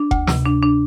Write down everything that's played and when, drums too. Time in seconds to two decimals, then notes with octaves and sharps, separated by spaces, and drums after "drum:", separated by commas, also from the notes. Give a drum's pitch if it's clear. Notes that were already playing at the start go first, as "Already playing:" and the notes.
Already playing: D4
0.11 D2, drum: kick F1
0.27 C3, drum: snare
0.45 D4
0.63 D4